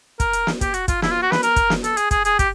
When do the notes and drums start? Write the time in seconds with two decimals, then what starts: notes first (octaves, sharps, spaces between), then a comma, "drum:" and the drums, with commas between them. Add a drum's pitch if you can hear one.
0.20 A#4, drum: kick, hi-hat
0.33 drum: hi-hat
0.47 drum: snare
0.61 G4, drum: kick, hi-hat
0.74 F#4, drum: hi-hat
0.88 F4, drum: kick, hi-hat
1.02 E4, drum: snare
1.12 F4
1.22 F#4
1.32 B4, drum: snare
1.43 A#4, drum: hi-hat
1.56 drum: kick, hi-hat
1.70 drum: snare
1.84 A4, drum: hi-hat
1.97 G#4, drum: hi-hat
2.11 G#4, drum: kick, hi-hat
2.25 G#4, drum: hi-hat
2.39 G4, drum: kick, hi-hat